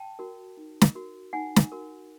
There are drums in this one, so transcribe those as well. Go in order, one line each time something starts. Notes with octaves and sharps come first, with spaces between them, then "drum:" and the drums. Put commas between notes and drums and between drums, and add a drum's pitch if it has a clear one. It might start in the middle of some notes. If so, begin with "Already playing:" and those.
Already playing: G5 A5
F#4 A#4
D#4
drum: snare
F#4 A#4
D#4 F#5 G#5
drum: snare
F#4 A#4